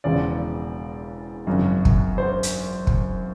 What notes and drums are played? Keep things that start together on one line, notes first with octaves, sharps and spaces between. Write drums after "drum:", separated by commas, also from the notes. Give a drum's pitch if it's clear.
E1 E2 C#3 F3 D5
G#1 F#2 C#3 F3
drum: kick
C5
drum: hi-hat
drum: kick